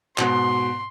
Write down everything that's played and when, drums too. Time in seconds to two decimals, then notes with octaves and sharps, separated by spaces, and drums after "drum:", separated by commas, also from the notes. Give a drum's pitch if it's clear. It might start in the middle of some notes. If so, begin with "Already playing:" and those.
0.18 G#2 B2 C6, drum: clap